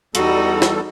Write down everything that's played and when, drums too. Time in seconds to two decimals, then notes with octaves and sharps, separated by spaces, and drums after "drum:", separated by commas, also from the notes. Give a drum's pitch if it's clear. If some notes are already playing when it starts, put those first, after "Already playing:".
0.15 E2 G3 D#4 F#4 A4, drum: hi-hat
0.62 drum: snare